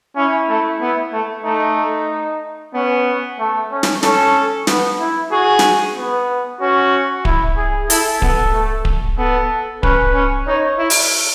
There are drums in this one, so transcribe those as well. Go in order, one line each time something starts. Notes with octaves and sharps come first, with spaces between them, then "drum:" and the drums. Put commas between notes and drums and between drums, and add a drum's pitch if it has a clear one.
C#4 E4
A3
B3
A3
A3 D#4
B3 C#4
A3
C#4
drum: snare
C#4 A4, drum: snare
B3, drum: snare
E4
F#4 G#4
drum: snare
B3
C#4 F#4
E4, drum: kick D1
G#4
E4 A4, drum: hi-hat
B3, drum: kick D1
A3
drum: kick D1
B3 A4
C#4 B4, drum: kick D1
C#4
D#4 C#5
E4
drum: open hi-hat